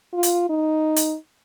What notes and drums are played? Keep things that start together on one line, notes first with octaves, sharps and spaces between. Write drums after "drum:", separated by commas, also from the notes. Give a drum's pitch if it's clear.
F4
drum: hi-hat
D#4
drum: hi-hat